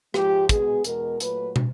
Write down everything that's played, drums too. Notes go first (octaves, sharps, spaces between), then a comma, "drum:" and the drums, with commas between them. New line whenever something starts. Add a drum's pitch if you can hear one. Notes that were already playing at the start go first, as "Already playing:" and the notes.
G#2 F3 G#3 G4, drum: rim click
B2 G#3 B3 G#4, drum: kick, hi-hat
E2 B2 G#3 B3 A#4, drum: hi-hat
A#2 F#3 A3 B4, drum: hi-hat
drum: tom